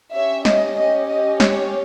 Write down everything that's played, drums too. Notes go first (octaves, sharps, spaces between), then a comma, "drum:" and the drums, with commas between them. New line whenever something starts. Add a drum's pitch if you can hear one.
C#4 G4 C#5 E5
D#5, drum: snare
D#5
D#5
C#5, drum: snare